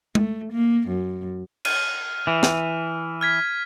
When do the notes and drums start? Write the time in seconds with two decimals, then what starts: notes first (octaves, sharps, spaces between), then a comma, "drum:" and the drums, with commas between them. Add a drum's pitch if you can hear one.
0.15 A3, drum: tom G#3
0.52 A#3
0.88 F#2
1.65 F6 D#7, drum: cymbal
2.27 E3
2.43 drum: snare
3.21 F6 G#6 B6